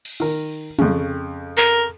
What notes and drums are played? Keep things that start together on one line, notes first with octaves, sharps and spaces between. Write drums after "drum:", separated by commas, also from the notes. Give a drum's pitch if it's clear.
drum: cymbal
D#3 A#4
F2 C#3, drum: tom
A#4, drum: clap